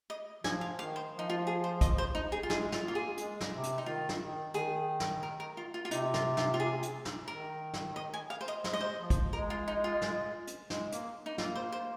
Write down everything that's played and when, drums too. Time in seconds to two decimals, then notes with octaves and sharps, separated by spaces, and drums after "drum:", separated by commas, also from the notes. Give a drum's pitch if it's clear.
0.10 D#5
0.44 F3 G#5, drum: snare
0.61 F5
0.78 D#3 F5
0.96 C5
1.13 F3
1.19 D#4
1.30 F4
1.47 G#4
1.64 C5
1.81 D#5, drum: kick, hi-hat
1.98 C5
2.15 D#4
2.32 G#4
2.43 F4
2.50 G#3 G#4, drum: snare
2.72 F4, drum: snare
2.83 A#3 F4
2.95 G#4
3.17 G#3, drum: hi-hat
3.41 drum: snare
3.52 C3
3.63 drum: hi-hat
3.78 D#4
3.86 D#3 F4
4.09 drum: snare
4.20 D#3
4.54 D#3 G#4, drum: hi-hat
5.00 drum: snare
5.23 A#4
5.40 A#4
5.57 F4
5.74 F4
5.85 F4
5.91 C3 D#4, drum: hi-hat
6.14 F4, drum: snare
6.37 F4, drum: snare
6.54 F4
6.60 G#4
6.82 drum: hi-hat
7.05 drum: snare
7.28 D#3 A#4
7.74 drum: snare
7.96 D#5
8.14 G#5
8.30 F5
8.41 C5
8.48 D#5
8.64 G#3 C5, drum: snare
8.73 D#5
8.81 C5
9.00 F3
9.10 drum: kick, hi-hat
9.33 G#3 A#4
9.50 F4
9.68 D#4
9.84 F4
10.02 drum: snare
10.47 drum: hi-hat
10.70 G#3, drum: snare
10.92 A#3, drum: hi-hat
11.26 D#4
11.38 A#3 F4, drum: snare
11.55 C5
11.72 C5